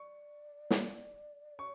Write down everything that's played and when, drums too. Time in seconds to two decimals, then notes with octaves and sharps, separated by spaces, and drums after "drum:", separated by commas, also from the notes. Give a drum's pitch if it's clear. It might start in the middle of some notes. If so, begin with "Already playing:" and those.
Already playing: D5 C#6
0.70 drum: snare
1.59 C#5 C#6